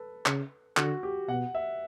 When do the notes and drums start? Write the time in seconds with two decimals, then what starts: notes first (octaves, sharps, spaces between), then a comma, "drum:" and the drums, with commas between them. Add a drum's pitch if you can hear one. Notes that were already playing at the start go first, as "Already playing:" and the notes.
Already playing: A4 B4
0.26 C#3, drum: clap
0.77 D3 F#4, drum: clap
1.03 G4
1.28 B2 F#5
1.55 E5